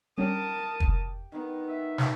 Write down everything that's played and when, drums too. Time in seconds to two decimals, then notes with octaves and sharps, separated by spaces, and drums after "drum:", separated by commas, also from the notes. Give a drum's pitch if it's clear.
0.18 G3 C#4 D4 G4 A#4 A5 D#6
0.80 drum: kick
1.32 D#3 B3 D#4
1.69 E5
1.98 drum: snare